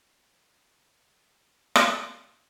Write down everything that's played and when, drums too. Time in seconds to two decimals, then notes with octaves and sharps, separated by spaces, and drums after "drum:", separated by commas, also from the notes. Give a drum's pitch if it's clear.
0.12 G#3 F4
1.75 drum: rim click